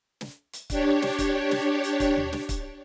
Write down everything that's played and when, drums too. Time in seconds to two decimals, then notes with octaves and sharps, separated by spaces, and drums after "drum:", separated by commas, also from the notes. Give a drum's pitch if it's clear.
0.21 drum: snare
0.53 drum: hi-hat
0.70 D4 G4 C#5, drum: kick, hi-hat
1.02 drum: snare
1.19 drum: kick, hi-hat
1.51 drum: snare
1.84 drum: hi-hat
2.00 drum: kick, hi-hat
2.16 drum: tom D#2
2.33 drum: snare
2.49 drum: kick, hi-hat